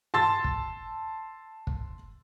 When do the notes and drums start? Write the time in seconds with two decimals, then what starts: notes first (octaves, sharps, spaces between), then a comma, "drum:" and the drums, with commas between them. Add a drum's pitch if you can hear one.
0.14 A5 C6 E6 A6
0.44 drum: kick
1.67 drum: kick